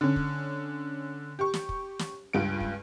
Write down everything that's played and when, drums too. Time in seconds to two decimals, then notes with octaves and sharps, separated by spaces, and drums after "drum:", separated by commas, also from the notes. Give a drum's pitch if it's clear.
0.01 D3 C#4
0.16 drum: kick
1.39 G4 C#6
1.54 drum: snare
1.69 drum: kick
1.99 drum: snare
2.33 C#2 G2 D7
2.60 drum: kick